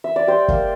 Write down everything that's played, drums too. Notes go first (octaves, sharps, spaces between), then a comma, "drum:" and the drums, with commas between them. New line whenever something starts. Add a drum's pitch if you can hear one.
E5
D5
G3 C5
A#3, drum: kick